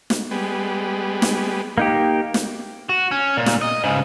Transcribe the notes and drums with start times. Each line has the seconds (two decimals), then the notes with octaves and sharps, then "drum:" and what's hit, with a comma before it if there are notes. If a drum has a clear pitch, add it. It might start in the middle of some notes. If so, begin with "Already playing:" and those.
0.10 drum: snare
0.31 G3 G#3 B3
1.22 drum: snare
1.78 A#3 D#4 G4
2.34 drum: snare
2.89 F#4
3.11 C#4
3.37 A#2
3.46 drum: snare
3.62 D#5
3.84 G#2 C#3